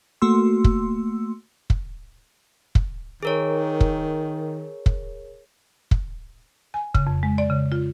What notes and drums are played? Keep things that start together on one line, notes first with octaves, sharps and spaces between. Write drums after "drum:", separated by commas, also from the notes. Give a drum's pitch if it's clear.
A3 A#3 F#4 C6 E6
drum: kick
drum: kick
drum: kick
D#3 G#4 A#4 C#5
drum: kick
drum: kick
drum: kick
G#5
C#3, drum: kick
F2
G#3
D5
C#3
F4